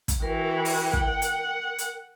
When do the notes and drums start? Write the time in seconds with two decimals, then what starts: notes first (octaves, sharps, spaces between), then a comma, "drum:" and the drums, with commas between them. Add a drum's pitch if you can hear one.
0.08 drum: kick, hi-hat
0.22 E3 F#4 A#4 G5
0.65 drum: open hi-hat
0.93 F#5, drum: kick
1.22 drum: hi-hat
1.78 drum: hi-hat